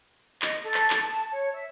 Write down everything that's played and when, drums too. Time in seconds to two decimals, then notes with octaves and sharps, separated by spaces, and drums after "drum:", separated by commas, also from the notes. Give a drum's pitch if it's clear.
0.42 D#5, drum: clap
0.63 A4
0.74 drum: clap
0.90 drum: clap
1.02 A5
1.31 C#5
1.52 E5